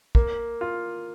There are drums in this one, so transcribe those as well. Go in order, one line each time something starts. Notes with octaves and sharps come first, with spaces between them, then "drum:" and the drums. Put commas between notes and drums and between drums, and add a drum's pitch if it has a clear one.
A#3, drum: kick
F4